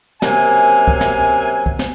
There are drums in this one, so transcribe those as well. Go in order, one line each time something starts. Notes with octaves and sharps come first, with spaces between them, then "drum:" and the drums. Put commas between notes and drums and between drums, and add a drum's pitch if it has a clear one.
F#2 C3 A#3 G#5, drum: snare
drum: kick C2
drum: snare
drum: kick C2
drum: snare